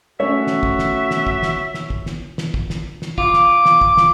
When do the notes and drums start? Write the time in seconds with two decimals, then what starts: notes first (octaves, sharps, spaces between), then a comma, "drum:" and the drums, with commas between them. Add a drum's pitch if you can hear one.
0.20 A3 C#4 F#4 C#5 E5
0.47 drum: snare
0.63 drum: kick
0.79 drum: snare
1.11 drum: snare
1.27 drum: kick
1.43 drum: snare
1.74 drum: snare
1.90 drum: kick
2.06 drum: snare
2.38 drum: snare
2.54 drum: kick
2.70 drum: snare
3.02 drum: snare
3.18 F4 D6, drum: kick
3.34 drum: snare
3.66 drum: snare
3.81 drum: kick
3.97 drum: snare